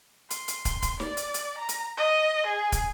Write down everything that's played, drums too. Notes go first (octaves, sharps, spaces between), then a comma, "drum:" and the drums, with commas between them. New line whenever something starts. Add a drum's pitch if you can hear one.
C6, drum: hi-hat
drum: hi-hat
drum: kick, hi-hat
drum: kick, hi-hat
D5, drum: snare
drum: hi-hat
drum: hi-hat
A#5
drum: hi-hat
D#5
G#4
drum: kick, hi-hat